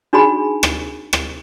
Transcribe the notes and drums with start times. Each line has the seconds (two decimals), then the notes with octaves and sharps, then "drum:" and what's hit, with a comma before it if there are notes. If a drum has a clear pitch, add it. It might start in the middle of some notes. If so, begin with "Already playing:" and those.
0.13 D4 D#4 F#4 G#4 G#5 B5
0.63 drum: rim click
1.13 drum: rim click